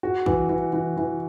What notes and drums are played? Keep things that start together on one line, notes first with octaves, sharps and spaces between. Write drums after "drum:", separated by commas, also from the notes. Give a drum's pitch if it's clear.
F#4
E3, drum: kick
E3
E3
E3